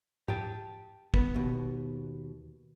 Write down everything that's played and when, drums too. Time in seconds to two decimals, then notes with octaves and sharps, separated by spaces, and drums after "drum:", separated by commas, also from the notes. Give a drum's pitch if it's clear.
0.28 G4 G5 A5, drum: tom G#2
1.14 B3, drum: kick
1.34 D#2 B2